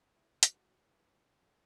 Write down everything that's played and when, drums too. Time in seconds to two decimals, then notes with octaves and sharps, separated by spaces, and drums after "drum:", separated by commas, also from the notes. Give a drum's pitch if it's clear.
0.12 E4
0.43 F#4, drum: hi-hat
0.83 E3
1.25 F2